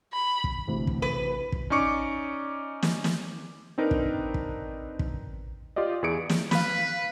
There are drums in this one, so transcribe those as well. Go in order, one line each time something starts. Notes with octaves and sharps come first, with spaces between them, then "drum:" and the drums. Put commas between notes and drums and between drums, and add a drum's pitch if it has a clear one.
B5
drum: kick
D2 C3 E3
drum: kick
B4
drum: kick
C#4 D#4 D5 C#6 D6 C#7
drum: snare
drum: snare
C4 D4 D#4 A#4 B4
drum: kick
drum: kick
drum: kick
F4 G4 D5 D#5
E2 E3 G#4 C#7 D7
drum: snare
B4 F5 B5, drum: snare